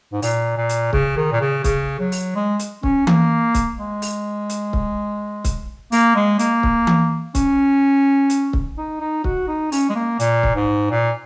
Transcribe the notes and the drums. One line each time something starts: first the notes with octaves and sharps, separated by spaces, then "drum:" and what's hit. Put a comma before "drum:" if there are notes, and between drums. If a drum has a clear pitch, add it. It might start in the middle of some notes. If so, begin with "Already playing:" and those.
G#2
A#2, drum: open hi-hat
A#2
drum: hi-hat
C#3, drum: kick C#1
D#3
A#2
C#3
C#3, drum: kick C#1, hi-hat
F#3
drum: open hi-hat
G#3
drum: hi-hat
C#4, drum: kick C#1
A#3, drum: tom E3
drum: kick C#1, hi-hat
G#3
drum: open hi-hat
drum: hi-hat
drum: kick C#1
drum: kick C#1, hi-hat
A#3, drum: open hi-hat
G#3
A#3, drum: hi-hat
drum: kick C#1
drum: tom E3
C#4, drum: kick C#1, hi-hat
drum: hi-hat
drum: kick C#1
D#4
D#4
F#4, drum: kick C#1
D#4
C#4, drum: open hi-hat
G#3
A#3
A#2, drum: hi-hat
drum: kick C#1
G#2
A#2